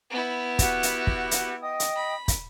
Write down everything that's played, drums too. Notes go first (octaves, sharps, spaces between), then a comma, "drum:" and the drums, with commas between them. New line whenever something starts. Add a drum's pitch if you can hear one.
B3 E4
F#4 G4, drum: kick, hi-hat
drum: hi-hat
drum: kick
drum: hi-hat
D#5 G5 D#6
drum: hi-hat
B5
drum: kick, hi-hat